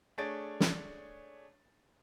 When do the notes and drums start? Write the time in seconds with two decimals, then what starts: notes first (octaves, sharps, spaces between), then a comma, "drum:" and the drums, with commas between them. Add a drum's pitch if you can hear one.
0.18 A3 D4 G#4 C#5 A6 D7
0.60 drum: snare